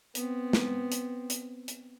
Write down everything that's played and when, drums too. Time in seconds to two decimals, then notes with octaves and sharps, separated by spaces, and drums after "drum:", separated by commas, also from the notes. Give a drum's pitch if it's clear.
0.15 B3 C4, drum: hi-hat
0.53 drum: snare
0.92 drum: hi-hat
1.30 drum: hi-hat
1.68 drum: hi-hat